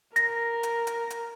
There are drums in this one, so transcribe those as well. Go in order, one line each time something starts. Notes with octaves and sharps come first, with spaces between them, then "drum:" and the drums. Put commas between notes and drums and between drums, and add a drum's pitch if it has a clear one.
A#4 A#6, drum: hi-hat
drum: hi-hat
drum: hi-hat
drum: hi-hat